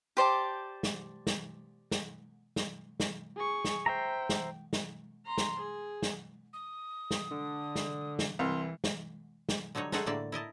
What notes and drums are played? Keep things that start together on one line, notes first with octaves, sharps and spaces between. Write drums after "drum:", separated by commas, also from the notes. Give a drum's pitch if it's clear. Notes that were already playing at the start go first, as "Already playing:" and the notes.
G4 C5 D5 A5
drum: snare
drum: snare
drum: snare
drum: snare
drum: snare
G#4 C#6
drum: snare
C5 E5 G5 A#5
drum: snare
drum: snare
A#5 C6
drum: snare
G#4
drum: snare
D#6
drum: snare
D3
drum: snare
drum: snare
C2 E3 C6
drum: snare
drum: snare
D3 F#3 G3 D#4 C#5
G#3 A3 D#4 G#4 A4 F#5, drum: snare
A2 D3 A#3 D5 E5
E4 A#4 D#5 A5